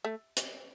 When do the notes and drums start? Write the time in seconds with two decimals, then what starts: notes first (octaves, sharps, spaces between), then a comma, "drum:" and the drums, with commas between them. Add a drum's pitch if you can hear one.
0.05 A3
0.37 drum: hi-hat